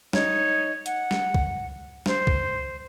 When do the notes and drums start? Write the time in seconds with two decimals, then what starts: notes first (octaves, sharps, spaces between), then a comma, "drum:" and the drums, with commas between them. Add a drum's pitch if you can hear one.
0.13 D#4 C#5, drum: snare
0.86 F#5, drum: hi-hat
1.11 drum: snare
1.35 drum: kick C2
2.06 C5, drum: snare
2.27 drum: kick C2